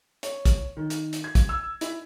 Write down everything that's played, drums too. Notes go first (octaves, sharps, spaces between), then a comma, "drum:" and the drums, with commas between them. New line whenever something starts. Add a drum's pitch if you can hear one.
C#5, drum: hi-hat
drum: kick, hi-hat
D#3
drum: hi-hat
drum: hi-hat
G#6
drum: kick, hi-hat
E6
E4, drum: hi-hat